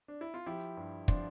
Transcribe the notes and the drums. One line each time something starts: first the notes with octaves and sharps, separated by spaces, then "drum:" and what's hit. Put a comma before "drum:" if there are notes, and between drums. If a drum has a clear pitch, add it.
D4
E4
F4
F3 E4 G4
G2
F3 D4 F4, drum: kick